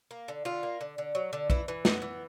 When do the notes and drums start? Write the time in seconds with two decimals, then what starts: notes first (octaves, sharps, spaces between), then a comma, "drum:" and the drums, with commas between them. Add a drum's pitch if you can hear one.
0.11 A#3
0.28 D3
0.45 D3 F4
0.63 A#3
0.81 D3
0.98 D3
1.15 F#3
1.33 D3
1.50 E3 E4, drum: kick B1
1.68 E3
1.85 B3 D#4, drum: snare
2.02 E3